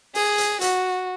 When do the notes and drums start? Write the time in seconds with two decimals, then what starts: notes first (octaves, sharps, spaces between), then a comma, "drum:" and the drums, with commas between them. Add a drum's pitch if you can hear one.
0.15 G#4, drum: open hi-hat
0.38 drum: hi-hat
0.61 F#4, drum: hi-hat